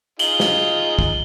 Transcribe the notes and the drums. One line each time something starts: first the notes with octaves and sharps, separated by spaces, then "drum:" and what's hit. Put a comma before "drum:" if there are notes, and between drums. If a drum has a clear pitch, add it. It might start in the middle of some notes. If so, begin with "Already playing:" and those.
D#4 F4 G#4 F#7 G7, drum: hi-hat
drum: snare
drum: kick